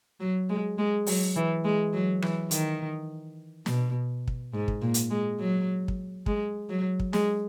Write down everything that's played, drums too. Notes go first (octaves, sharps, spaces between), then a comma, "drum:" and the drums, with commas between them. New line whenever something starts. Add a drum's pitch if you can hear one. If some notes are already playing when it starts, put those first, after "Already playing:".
F#3
G#3
G#3
F#3, drum: open hi-hat
E3
G#3
F#3
E3, drum: rim click
D#3, drum: hi-hat
B2, drum: snare
drum: kick
G#2
drum: kick
A#2
drum: hi-hat
G#3
F#3
drum: kick
G#3, drum: kick
F#3
drum: kick
G#3, drum: snare